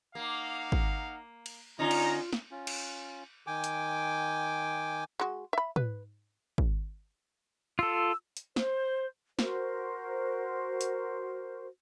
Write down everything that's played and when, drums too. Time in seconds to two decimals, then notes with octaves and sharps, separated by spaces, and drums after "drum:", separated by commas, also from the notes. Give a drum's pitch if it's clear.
0.15 A#3 D#4 F5 F#5
0.72 drum: kick
1.46 drum: cymbal
1.79 D3 C#4 D#4 F4 A#5
1.91 drum: cymbal
2.33 drum: snare
2.51 C#4 F4
2.67 drum: cymbal
3.47 D#3 G5 G#5 D6
3.64 drum: hi-hat
5.20 G#3 F#4
5.53 E5 B5
5.76 B4, drum: tom
6.58 drum: kick
7.79 F4 A4 E6
8.37 drum: hi-hat
8.56 C5, drum: snare
9.39 F#4 A#4 C5, drum: snare
10.81 drum: hi-hat